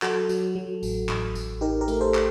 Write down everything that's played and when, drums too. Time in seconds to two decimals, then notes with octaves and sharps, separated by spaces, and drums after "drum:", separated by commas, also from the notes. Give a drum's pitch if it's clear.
0.02 F#3 F#4 A4, drum: clap
0.29 F#3, drum: tambourine
0.55 F#3
0.83 A1, drum: tambourine
1.09 A1, drum: clap
1.35 A1, drum: tambourine
1.61 D#4 G4 A#4
1.81 G4 A#4
1.88 A3, drum: tambourine
2.01 A4 C5
2.14 drum: clap